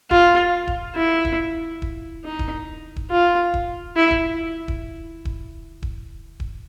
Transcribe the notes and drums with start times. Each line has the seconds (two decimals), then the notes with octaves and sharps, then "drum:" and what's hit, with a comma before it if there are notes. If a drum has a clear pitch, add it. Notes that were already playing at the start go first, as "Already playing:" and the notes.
0.11 F4, drum: kick D#1
0.67 drum: kick D#1
0.96 E4
1.25 drum: kick D#1
1.82 drum: kick D#1
2.25 D#4
2.39 drum: kick D#1
2.96 drum: kick D#1
3.11 F4
3.54 drum: kick D#1
3.96 E4
4.11 drum: kick D#1
4.68 drum: kick D#1
5.25 drum: kick D#1
5.83 drum: kick D#1
6.40 drum: kick D#1